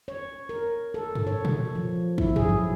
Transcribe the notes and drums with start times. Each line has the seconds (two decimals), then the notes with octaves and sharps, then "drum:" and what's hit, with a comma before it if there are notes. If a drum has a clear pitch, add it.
0.08 C#5
0.49 A#4
0.94 A4
1.15 drum: tom F#2
1.27 C#5
1.45 drum: tom A#2
1.75 F3
2.18 E4, drum: kick
2.36 G#4, drum: tom F#2
2.49 F#3